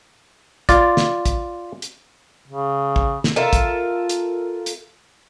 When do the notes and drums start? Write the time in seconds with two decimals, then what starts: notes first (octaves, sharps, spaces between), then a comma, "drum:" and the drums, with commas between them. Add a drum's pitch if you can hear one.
0.69 F4 D5, drum: kick, hi-hat
0.97 drum: snare
1.26 drum: kick, hi-hat
1.82 drum: hi-hat
2.48 C#3
2.96 drum: kick
3.24 drum: snare
3.36 F4 A4 A#4 E5
3.53 drum: kick, hi-hat
4.09 drum: hi-hat
4.66 drum: hi-hat